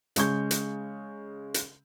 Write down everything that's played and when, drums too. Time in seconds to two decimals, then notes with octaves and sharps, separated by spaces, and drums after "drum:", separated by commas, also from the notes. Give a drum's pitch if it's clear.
0.16 C#3 G#3 C#6 G6, drum: hi-hat
0.51 drum: hi-hat
1.54 drum: hi-hat